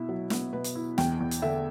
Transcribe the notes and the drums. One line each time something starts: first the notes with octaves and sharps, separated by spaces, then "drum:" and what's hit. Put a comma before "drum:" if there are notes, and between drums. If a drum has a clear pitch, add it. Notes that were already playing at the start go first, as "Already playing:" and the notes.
Already playing: B2 E4 E5
F#3
B3, drum: snare
B2 B4
drum: hi-hat
E4
E2 G5, drum: snare
E2
drum: hi-hat
D3 E5